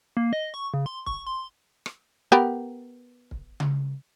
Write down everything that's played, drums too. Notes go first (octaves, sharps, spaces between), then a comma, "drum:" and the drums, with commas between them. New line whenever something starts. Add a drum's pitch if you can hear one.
A#3
D#5
C#6
C#3
C6
C#6, drum: kick
C6
drum: rim click
B3 G4 A#4
drum: kick
drum: tom C#3